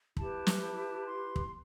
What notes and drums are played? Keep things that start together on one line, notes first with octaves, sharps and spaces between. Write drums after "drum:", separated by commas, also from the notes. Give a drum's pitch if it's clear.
E4 G4 B4 A5, drum: kick
drum: snare
A5
B5
C6
drum: kick